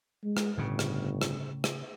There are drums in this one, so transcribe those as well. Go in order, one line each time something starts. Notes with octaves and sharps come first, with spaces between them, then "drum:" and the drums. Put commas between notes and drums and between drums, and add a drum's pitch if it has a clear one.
G#3
drum: rim click
G1 A2 C#3
drum: rim click
drum: rim click
drum: rim click